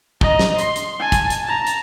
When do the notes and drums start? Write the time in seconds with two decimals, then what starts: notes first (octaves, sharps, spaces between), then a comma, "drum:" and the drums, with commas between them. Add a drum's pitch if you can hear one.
0.21 D#5 A#5, drum: kick
0.39 drum: snare
0.59 C6, drum: hi-hat
0.76 drum: hi-hat
1.00 G#5 A5
1.12 drum: kick, hi-hat
1.30 drum: hi-hat
1.45 A5 A#5
1.67 drum: hi-hat